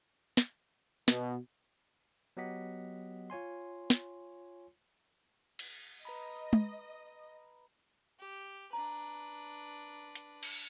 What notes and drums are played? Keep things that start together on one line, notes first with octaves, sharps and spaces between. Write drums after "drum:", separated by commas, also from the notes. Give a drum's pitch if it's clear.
drum: snare
B2, drum: snare
F#3 B3 G4 D#5 F#5 B6
F4 C#5 G#5 C6
drum: snare
drum: cymbal
B4 D#5 A#5 B5
drum: tom
G4
D4 B4 A#5
drum: hi-hat
drum: cymbal